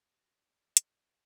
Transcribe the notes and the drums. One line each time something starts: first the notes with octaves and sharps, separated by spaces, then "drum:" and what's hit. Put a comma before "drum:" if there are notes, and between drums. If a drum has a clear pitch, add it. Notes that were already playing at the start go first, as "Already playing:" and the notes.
F#4
D5
drum: hi-hat